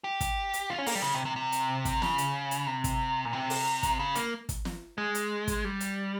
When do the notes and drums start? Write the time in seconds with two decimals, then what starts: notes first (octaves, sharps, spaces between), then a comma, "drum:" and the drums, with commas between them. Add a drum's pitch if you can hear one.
0.04 G4
0.21 drum: kick, hi-hat
0.53 drum: hi-hat
0.70 F4
0.78 C#4
0.86 A#3, drum: open hi-hat
0.95 G3
1.02 C#3
1.14 C3
1.25 C3
1.36 C3
1.52 drum: hi-hat
1.85 drum: kick, hi-hat
2.02 C#3, drum: snare
2.18 drum: hi-hat
2.51 drum: hi-hat
2.67 C3
2.84 drum: kick, hi-hat
3.25 A#2
3.33 C3
3.50 drum: open hi-hat
3.83 drum: kick, hi-hat
4.00 C#3
4.15 A#3, drum: hi-hat
4.49 drum: kick, hi-hat
4.65 drum: snare
4.98 G#3
5.15 drum: hi-hat
5.48 drum: kick, hi-hat
5.65 G3
5.80 drum: hi-hat